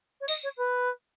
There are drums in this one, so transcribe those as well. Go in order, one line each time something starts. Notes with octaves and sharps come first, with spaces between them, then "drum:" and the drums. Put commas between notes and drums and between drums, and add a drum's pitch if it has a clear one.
C#5
D#5, drum: tambourine
C#5
B4